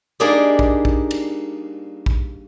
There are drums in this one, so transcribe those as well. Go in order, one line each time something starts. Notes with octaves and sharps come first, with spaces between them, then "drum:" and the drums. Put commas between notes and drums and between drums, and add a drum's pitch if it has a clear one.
G3 A#3 D4 D#4 G#4 D5
drum: kick
drum: kick
drum: cymbal
drum: kick